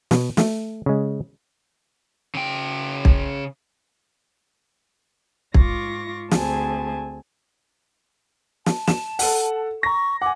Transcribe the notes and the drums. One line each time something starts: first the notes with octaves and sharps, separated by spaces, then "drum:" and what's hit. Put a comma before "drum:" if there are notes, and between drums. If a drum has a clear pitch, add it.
B2, drum: snare
A3, drum: snare
C#3 G#3
C#3 G5
drum: kick
G#2 F4 C#6 D6 A#6, drum: kick
D2 C4 G#4 G#5 A5, drum: snare
A5, drum: snare
E7, drum: snare
A4 F#5, drum: open hi-hat
A#5 C#6 A#6
F#5 G#5 D6